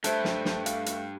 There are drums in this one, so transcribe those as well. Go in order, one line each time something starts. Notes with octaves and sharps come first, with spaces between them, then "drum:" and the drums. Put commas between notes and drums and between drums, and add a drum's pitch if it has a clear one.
G2 A3 C5 E5 A5, drum: hi-hat
drum: snare
drum: snare
F5, drum: hi-hat
drum: hi-hat